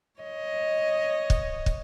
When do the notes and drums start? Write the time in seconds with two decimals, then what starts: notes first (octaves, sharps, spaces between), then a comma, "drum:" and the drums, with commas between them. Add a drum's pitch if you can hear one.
0.20 C#5 D#5
1.30 drum: kick
1.66 drum: kick